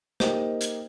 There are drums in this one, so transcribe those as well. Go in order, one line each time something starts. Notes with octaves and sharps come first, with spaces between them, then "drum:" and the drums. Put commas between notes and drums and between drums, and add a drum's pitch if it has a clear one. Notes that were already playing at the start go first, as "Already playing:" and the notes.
A#3 D#4 G4 C5 D#5, drum: snare
drum: hi-hat